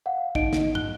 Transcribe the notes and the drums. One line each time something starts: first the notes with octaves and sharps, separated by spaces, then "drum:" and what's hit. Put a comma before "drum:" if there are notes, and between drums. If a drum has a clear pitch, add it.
F5 F#5
D#4 D#5 D7, drum: kick
drum: snare
F#6 G7, drum: tom